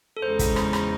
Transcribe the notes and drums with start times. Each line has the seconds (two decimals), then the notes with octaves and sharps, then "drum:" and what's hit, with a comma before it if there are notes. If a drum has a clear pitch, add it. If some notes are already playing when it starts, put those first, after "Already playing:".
0.17 A4
0.22 E2 C#3 G#3 D#4 C5
0.39 drum: kick, hi-hat
0.56 drum: rim click
0.73 drum: rim click